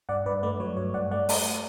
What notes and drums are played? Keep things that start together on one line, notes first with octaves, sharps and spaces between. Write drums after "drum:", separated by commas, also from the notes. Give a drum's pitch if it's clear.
G2 D5 F#5
G2 B4 D5
A3 B4 D5
F#3 C#5
G2 C#5
G2 D5 F#5
A3 D5 F#5
A3, drum: open hi-hat